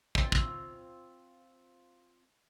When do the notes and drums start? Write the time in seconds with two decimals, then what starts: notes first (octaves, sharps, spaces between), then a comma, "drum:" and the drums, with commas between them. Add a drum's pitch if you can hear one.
0.15 C4 F4, drum: kick
0.32 drum: kick